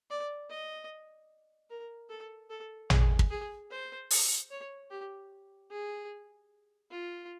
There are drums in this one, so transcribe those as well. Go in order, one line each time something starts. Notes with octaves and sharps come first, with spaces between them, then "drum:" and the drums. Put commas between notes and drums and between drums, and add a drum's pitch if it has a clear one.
D5
D#5
A#4
A4
A4
G#4, drum: tom A1
drum: kick
G#4
C5
drum: open hi-hat
C#5
G4
G#4
F4